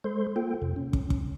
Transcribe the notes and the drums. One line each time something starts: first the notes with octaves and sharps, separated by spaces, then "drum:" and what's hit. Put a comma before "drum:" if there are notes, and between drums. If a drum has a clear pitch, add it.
G#3 A4 C5 C6
A#3 F4 A4 G5
F2 C3
C#4
drum: kick
drum: kick